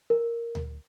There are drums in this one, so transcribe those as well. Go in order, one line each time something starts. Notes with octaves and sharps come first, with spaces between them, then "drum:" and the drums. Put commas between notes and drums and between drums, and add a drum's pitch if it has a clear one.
A#4
drum: tom D2